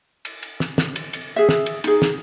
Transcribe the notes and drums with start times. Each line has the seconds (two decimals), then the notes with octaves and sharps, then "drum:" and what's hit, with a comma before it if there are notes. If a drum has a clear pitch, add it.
0.25 drum: cymbal
0.43 drum: cymbal
0.60 drum: snare
0.78 drum: snare
0.96 drum: cymbal
1.13 drum: cymbal
1.36 G#4 E5
1.49 drum: snare
1.66 drum: cymbal
1.84 D#4 G#4, drum: cymbal
2.02 drum: snare